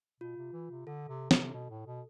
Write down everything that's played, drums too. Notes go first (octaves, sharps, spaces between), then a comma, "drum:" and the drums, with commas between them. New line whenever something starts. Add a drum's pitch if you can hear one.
B2 F4
C3
E3
C3
D3 A4
C3
C3, drum: snare
B2
A2
B2